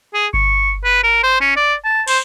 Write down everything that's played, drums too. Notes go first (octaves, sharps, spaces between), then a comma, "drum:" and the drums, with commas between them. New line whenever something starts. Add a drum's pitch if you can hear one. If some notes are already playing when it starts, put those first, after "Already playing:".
G#4
C#6, drum: kick G1
B4
A#4
C5
C#4
D5
A5
C5, drum: cymbal